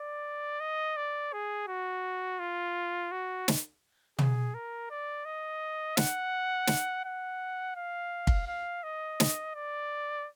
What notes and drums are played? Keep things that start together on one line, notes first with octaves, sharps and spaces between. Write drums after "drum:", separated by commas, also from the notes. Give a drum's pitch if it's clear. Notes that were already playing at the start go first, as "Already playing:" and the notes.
Already playing: D5
D#5
D5
G#4
F#4
F4
F#4
drum: snare
G#4, drum: tom
A#4
D5
D#5
F#5, drum: snare
drum: snare
F#5
F5
drum: kick
F5
D#5
drum: snare
D5